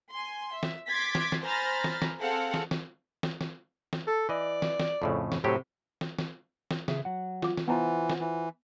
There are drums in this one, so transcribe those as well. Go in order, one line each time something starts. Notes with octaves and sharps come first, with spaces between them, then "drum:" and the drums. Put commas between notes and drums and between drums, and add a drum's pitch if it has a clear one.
G#5 C6
E5
drum: snare
C6 D6 G#6 A6 B6
drum: snare
drum: snare
C5 G#5 A#5 B5 F6 A6
drum: snare
drum: snare
C4 G#4 A4 F5 F#5
drum: snare
drum: snare
drum: snare
drum: snare
drum: snare
A4
E3 D5 D#5
drum: snare
drum: snare
F2 A2 C#3
drum: snare
A2 C3 F#3 G4
drum: snare
drum: snare
drum: snare
C#3 G#4 E5, drum: snare
F#3 F#5
F4 D6, drum: snare
drum: snare
E3 B3 F4 C5 F#5 A5 A#5
drum: snare
E3